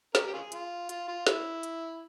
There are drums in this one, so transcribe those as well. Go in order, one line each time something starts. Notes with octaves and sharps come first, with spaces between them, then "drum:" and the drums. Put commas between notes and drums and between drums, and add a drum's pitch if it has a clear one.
C#4 G4 A#4, drum: snare
G4
C#4 F4 G#4
F4, drum: hi-hat
F4, drum: hi-hat
F4
E4, drum: snare
drum: hi-hat